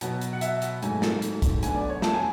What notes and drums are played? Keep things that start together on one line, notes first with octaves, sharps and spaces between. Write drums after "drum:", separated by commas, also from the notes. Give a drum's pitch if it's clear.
B2 F#3 B3, drum: hi-hat
drum: hi-hat
F#5
E5, drum: hi-hat
drum: hi-hat
G#2 F#3 A3 G#5, drum: hi-hat
drum: snare
drum: hi-hat
drum: kick, hi-hat
D2 D3 F#3 B3 G#5, drum: hi-hat
D5
C#5
A5, drum: snare
G#5